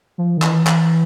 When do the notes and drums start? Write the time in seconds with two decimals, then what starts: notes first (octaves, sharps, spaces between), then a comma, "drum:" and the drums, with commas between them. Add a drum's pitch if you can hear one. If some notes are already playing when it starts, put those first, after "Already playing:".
0.18 F3
0.37 D#3
0.42 E3, drum: clap
0.67 drum: clap